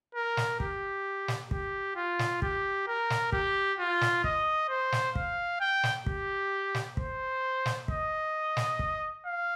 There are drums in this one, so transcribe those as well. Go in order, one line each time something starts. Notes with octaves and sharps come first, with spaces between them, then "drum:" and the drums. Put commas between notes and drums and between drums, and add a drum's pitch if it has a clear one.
A#4
drum: snare
G4, drum: kick
drum: snare
G4, drum: kick
F4
drum: snare
G4, drum: kick
A#4
drum: snare
G4, drum: kick
F4
drum: snare
D#5, drum: kick
C5
drum: snare
F5, drum: kick
G5
drum: snare
G4, drum: kick
drum: snare
C5, drum: kick
drum: snare
D#5, drum: kick
drum: snare
drum: kick
F5